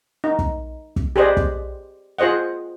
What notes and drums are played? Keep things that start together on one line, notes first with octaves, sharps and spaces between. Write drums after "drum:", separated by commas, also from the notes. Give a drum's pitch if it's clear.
D#4
drum: kick
drum: kick
G4 G#4 B4 C5 D5 D#5
drum: kick
F4 G#4 C5 D#5 F#5